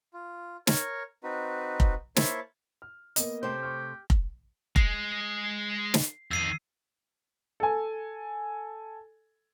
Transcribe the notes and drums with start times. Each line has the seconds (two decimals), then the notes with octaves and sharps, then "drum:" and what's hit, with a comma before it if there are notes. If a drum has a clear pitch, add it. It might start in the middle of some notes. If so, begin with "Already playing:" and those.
0.14 F4
0.67 A#4 C#5, drum: snare
1.24 C4 D#4 F#4 B4
1.80 drum: kick F1
2.16 A#3 E4 C5 C#5 A5 B5, drum: snare
2.82 F6
3.16 A#3 B3 D#5, drum: hi-hat
3.43 C3 A3 G4 C5
3.62 C#6 F6
4.10 drum: kick F1
4.76 G#3 C7, drum: kick F1
5.94 drum: snare
6.31 F2 D#3 E6 C7 D#7
7.60 A4 G#5